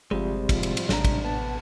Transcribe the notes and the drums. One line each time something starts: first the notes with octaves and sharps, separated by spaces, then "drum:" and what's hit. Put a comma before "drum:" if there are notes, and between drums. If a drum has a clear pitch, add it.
G1 C3 F3 G3 G#3 C4
F1 F3, drum: kick, cymbal
drum: cymbal
drum: cymbal
A1 G#2 C#3 D4 A#5, drum: snare
drum: kick, cymbal
B3 A5